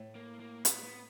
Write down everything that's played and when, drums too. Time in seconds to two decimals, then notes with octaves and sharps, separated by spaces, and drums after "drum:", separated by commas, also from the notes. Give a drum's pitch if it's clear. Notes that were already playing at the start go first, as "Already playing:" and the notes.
Already playing: A2
0.15 A#3
0.40 A#3
0.65 B3, drum: hi-hat
0.83 B3